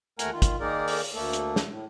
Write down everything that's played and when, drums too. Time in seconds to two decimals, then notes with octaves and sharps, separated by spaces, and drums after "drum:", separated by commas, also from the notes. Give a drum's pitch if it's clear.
0.19 D#2 A3 A#4 F#5 G#5 A#5, drum: hi-hat
0.33 D#3 F4
0.42 drum: kick, hi-hat
0.60 D#3 A#3 D#4 G#4 A#4 D5
0.88 drum: open hi-hat
1.14 D2 A3 A#3 A4
1.33 drum: hi-hat
1.56 drum: snare
1.69 A2